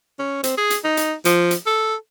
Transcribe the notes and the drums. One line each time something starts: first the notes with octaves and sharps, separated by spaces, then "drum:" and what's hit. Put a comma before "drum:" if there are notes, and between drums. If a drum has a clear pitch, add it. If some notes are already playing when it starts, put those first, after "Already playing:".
C#4
C4, drum: hi-hat
G#4
drum: hi-hat
D#4
drum: hi-hat
F3, drum: hi-hat
drum: hi-hat
A4